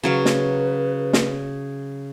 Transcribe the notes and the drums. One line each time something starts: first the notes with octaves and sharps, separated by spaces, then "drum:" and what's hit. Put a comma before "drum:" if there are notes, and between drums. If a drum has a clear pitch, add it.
C#3 F#3 B4 F5
drum: snare
drum: snare